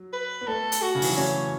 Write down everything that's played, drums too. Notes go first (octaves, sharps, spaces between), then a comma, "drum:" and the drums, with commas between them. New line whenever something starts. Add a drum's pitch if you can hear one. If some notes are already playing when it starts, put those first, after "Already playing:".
Already playing: F#3
B4
B3
A3 A4
drum: hi-hat
F#4
C#3
E3, drum: open hi-hat
F#3
A3 C#4